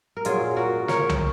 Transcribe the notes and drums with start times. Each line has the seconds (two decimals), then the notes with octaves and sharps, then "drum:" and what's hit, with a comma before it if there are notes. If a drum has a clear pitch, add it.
0.17 A#4
0.25 A#2 F#3 C#4 F4 G#4, drum: hi-hat
0.56 F#4 A#4
0.88 A#4 C#5, drum: snare
1.09 drum: tom C2